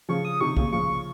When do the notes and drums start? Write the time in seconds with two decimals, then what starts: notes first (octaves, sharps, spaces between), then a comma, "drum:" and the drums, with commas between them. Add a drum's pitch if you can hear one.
0.09 C#3 F3 C#6
0.25 D#6
0.41 C3 D#3 C#6
0.57 A#2 C#3, drum: kick B1
0.72 C#3 F3 C#6